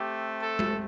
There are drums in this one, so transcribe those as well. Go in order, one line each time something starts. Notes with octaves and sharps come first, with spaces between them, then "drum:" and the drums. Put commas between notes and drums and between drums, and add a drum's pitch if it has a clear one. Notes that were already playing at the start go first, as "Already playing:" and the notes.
Already playing: A3 C4 G4
A4
drum: tom G#3